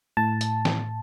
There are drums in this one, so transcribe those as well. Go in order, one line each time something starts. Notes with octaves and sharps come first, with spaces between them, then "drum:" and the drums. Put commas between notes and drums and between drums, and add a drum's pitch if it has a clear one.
A2 A5
drum: hi-hat
drum: snare